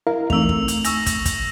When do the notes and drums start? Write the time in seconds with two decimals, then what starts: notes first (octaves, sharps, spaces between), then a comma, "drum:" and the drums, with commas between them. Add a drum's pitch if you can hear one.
0.07 E4 A#4 D#5 F5
0.30 E3 A3 C4 D#4 E6 F7, drum: kick
0.49 drum: kick
0.68 drum: hi-hat
0.85 G#5 C#6 E6 A#6, drum: hi-hat
1.06 drum: kick, hi-hat
1.26 drum: kick, hi-hat